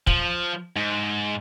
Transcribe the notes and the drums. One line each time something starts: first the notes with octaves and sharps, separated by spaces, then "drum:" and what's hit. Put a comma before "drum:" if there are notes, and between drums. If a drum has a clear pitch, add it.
F3, drum: kick
G#2